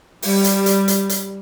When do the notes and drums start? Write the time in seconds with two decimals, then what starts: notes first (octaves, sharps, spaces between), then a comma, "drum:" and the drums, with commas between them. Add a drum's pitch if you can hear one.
0.22 G3, drum: open hi-hat
0.44 drum: hi-hat
0.66 drum: hi-hat
0.88 drum: hi-hat
1.09 drum: hi-hat